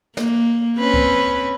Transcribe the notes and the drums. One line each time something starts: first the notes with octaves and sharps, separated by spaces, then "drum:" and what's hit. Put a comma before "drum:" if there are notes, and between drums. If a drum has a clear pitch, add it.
A#3, drum: snare
C4 C#4 B4
drum: kick C2